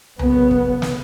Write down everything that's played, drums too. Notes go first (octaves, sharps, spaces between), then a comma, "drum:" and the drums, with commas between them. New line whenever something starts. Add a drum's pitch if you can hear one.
F#2 C#3 B3, drum: tom C2
drum: kick
drum: snare